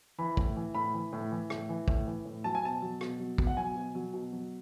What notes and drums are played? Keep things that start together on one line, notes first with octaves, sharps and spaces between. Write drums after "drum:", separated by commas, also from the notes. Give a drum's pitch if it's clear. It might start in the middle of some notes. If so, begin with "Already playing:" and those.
E3 B5
A2, drum: kick
E3
A2 B5
E3
A2
E3
A2, drum: rim click
E3
A2, drum: kick
E3
A2
F#3 A5
G#5
B2 A5
F#3
B2, drum: rim click
F#3
B2, drum: kick
F#5
F#3 G#5
B2
F#3
B2
F#3